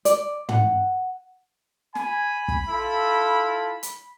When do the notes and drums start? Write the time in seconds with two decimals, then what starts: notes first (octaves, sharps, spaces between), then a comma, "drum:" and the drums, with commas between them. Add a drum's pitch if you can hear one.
0.05 D5, drum: hi-hat
0.49 F#5, drum: tom
1.95 G#5 B5, drum: snare
2.48 drum: kick
2.69 E4 F4 A4
3.83 drum: hi-hat